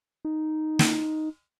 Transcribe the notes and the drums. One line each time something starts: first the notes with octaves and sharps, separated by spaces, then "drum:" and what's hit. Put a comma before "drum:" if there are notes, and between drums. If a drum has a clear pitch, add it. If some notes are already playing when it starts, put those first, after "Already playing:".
D#4
drum: snare